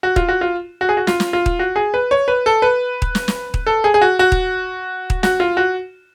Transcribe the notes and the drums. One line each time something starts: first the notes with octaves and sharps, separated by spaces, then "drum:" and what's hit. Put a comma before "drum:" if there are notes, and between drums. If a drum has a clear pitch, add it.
F#4
F4, drum: kick D#1
F#4
F4
F#4
G#4
F#4
F4, drum: snare
drum: snare
F4
drum: kick D#1
F#4
G#4
B4
C#5
B4
A4
B4
drum: kick D#1
drum: snare
drum: snare
drum: kick D#1
A4
G#4
G#4
F#4
F#4
drum: kick D#1
drum: kick D#1
F#4, drum: snare
F4
F#4